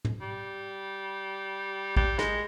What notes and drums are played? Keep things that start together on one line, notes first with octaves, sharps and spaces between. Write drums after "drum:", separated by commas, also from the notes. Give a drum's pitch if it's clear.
drum: tom
G3
G3, drum: kick
G#3, drum: snare